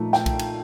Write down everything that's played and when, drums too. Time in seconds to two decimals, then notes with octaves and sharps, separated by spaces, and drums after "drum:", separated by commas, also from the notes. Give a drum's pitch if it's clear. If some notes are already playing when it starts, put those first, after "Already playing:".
Already playing: A#2 F3 A3 D#4
0.13 G5, drum: snare
0.26 drum: kick B1, cymbal
0.39 drum: cymbal